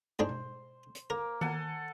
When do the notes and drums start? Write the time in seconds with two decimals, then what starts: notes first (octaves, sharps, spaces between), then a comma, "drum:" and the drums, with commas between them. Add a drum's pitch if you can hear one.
0.19 G#2 G#3 D4 C5
0.29 drum: tom B2
0.95 drum: hi-hat
1.10 A#3 A#4
1.41 A4 F#5 G#5, drum: tom D#3